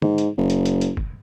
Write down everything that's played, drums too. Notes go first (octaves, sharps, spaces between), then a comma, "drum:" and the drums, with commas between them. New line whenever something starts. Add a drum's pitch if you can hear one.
G#2, drum: tom D3
drum: hi-hat
F#1
drum: hi-hat
drum: hi-hat
drum: hi-hat
drum: kick